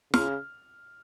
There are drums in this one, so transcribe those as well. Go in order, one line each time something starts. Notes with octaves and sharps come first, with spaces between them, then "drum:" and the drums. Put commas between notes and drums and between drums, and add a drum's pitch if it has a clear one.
C#3 F6, drum: snare